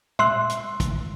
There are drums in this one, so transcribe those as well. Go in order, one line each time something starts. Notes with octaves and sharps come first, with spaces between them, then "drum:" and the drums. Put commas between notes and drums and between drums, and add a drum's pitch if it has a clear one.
E5 C6 E6 F#6, drum: tom
drum: hi-hat
drum: kick, hi-hat